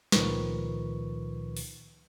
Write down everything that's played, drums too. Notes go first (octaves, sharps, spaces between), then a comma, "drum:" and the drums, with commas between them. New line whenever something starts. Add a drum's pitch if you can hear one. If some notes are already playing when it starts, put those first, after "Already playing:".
C#2 A#2 D#3 F3 B4 C#6, drum: snare
drum: open hi-hat